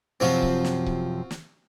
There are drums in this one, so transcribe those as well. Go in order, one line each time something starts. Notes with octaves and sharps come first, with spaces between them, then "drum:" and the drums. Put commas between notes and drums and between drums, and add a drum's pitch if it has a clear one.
F#2 C3 F3 C4 F4 F#4
drum: kick C#1
drum: snare
drum: kick C#1
drum: snare